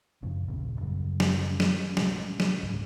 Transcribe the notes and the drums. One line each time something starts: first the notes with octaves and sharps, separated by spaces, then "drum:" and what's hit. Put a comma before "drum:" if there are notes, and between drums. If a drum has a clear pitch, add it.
F#2 A2 C#3 F3
A1 D#2 A#2 C#3
F#2 C#3 F#3 G3
drum: snare
drum: snare
A2 C3 G#3 A3, drum: snare
drum: snare
C#2 G#2